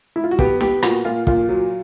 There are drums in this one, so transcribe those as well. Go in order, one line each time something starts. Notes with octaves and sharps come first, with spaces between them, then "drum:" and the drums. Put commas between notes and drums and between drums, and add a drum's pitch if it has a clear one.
E4
F4
F#4
B3 G4, drum: kick
B3 G4, drum: snare
A#2 F#4, drum: rim click
A#2 F4
A#2 F4, drum: kick
F#3